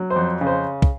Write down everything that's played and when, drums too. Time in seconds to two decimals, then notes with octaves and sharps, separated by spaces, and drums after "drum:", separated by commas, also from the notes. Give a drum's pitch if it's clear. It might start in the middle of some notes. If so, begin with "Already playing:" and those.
Already playing: F#3
0.10 C5
0.16 F2
0.41 C#3
0.47 C5
0.82 drum: kick